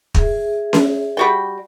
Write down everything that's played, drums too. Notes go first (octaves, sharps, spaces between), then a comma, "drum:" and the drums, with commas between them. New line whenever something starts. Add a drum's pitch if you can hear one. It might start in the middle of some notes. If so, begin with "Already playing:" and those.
G#4 E5, drum: kick
drum: snare C#4
G3 F#4 G5